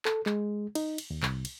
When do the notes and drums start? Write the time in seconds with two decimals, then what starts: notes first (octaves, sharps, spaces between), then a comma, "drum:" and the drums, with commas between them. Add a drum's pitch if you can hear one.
0.05 A4, drum: clap
0.26 G#3, drum: clap
0.75 D#4, drum: cymbal
0.98 drum: cymbal
1.10 D#2
1.23 C2, drum: clap
1.45 drum: cymbal